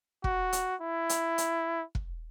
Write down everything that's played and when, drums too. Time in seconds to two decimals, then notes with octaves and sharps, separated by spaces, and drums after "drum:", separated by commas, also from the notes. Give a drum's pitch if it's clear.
0.24 F#4, drum: kick
0.53 drum: hi-hat
0.81 E4
1.09 drum: hi-hat
1.38 drum: hi-hat
1.95 drum: kick